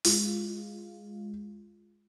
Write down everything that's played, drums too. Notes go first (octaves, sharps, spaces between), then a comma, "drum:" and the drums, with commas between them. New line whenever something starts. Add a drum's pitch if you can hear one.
G#3 F4, drum: open hi-hat